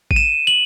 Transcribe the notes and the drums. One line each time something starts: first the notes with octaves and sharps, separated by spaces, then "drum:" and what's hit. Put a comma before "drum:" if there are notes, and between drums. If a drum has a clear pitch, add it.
D#7, drum: kick G#1
E7
F#7